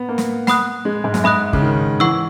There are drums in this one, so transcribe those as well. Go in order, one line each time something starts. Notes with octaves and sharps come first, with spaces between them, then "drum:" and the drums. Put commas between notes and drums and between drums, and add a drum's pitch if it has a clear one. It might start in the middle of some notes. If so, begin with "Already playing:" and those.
Already playing: B3
A#3
drum: snare
F#5 B5 D#6 F#6, drum: snare
G#3
G#2
F#2, drum: snare
G#2 E5 B5 D#6 F#6
C#3, drum: kick
D#3
E3 F#5 C#6 E6